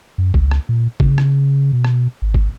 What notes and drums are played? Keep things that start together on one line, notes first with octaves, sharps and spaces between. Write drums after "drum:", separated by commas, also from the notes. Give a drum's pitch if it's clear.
F#2
C#2, drum: kick
drum: rim click
A#2
C#3, drum: kick
drum: rim click
B2
drum: rim click
G#1
drum: kick